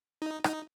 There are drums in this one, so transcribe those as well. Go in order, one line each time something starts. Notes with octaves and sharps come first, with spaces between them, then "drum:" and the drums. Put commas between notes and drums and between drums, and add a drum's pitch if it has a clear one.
D#4
D#4, drum: rim click